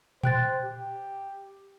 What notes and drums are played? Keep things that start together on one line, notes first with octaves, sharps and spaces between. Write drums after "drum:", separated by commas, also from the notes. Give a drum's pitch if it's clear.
C5 G5 F#6 A6, drum: tom A#2
G4